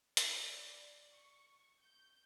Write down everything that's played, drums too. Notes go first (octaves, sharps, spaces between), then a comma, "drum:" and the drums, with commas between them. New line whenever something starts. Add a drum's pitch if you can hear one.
D5, drum: hi-hat
C#6
G6